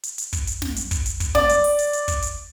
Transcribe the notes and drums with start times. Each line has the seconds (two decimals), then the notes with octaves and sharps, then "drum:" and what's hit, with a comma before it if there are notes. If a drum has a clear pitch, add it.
0.03 drum: hi-hat
0.18 drum: hi-hat
0.33 drum: kick, hi-hat
0.47 drum: hi-hat
0.62 drum: snare
0.76 drum: hi-hat
0.91 drum: kick, hi-hat
1.06 drum: hi-hat
1.20 drum: kick, hi-hat
1.35 D5, drum: snare
1.49 drum: hi-hat
1.64 drum: open hi-hat
1.79 drum: hi-hat
1.93 drum: hi-hat
2.08 drum: kick, hi-hat
2.22 drum: hi-hat